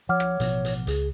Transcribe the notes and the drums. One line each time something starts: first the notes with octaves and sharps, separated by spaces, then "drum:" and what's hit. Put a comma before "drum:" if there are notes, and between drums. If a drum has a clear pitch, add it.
F3 C#5 F#5 D6 F6
drum: rim click
A1 B2 F3, drum: hi-hat
drum: hi-hat
C#2 G#4, drum: hi-hat